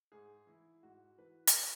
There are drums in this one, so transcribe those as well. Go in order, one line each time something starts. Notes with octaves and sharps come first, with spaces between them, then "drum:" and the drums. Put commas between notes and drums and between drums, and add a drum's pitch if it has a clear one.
G#2 G#4
E3 E4
G#2 F#4
E3 B4
A4, drum: hi-hat
B4